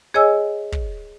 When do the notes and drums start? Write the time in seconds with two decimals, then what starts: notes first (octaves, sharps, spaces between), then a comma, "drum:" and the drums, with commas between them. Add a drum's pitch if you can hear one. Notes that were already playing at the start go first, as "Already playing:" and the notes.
0.14 G#4 C#5 D#5 G#5 E6
0.72 drum: kick